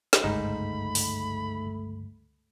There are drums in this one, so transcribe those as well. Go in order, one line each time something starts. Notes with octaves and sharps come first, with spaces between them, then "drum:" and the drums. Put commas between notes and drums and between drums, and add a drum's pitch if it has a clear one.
drum: snare
G1 C#2 G#2 A3 D#4 B5
drum: open hi-hat